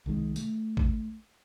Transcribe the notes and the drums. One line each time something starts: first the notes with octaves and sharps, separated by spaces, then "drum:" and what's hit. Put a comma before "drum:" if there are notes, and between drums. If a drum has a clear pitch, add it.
C2 D#3 G#3
A3, drum: tambourine
drum: kick